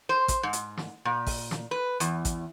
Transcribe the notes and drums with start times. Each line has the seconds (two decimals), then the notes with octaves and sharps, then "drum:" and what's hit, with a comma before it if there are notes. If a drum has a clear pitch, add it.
0.09 C5
0.28 drum: kick, hi-hat
0.43 G#2
0.53 drum: hi-hat
0.77 drum: snare
1.05 A#2
1.27 drum: kick, open hi-hat
1.51 drum: snare
1.71 B4
2.00 E2, drum: hi-hat
2.25 drum: kick, hi-hat